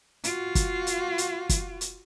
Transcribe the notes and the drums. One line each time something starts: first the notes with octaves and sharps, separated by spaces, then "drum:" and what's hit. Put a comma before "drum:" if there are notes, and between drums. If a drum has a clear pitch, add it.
F4 F#4, drum: hi-hat
drum: kick, hi-hat
drum: hi-hat
drum: hi-hat
drum: kick, hi-hat
drum: hi-hat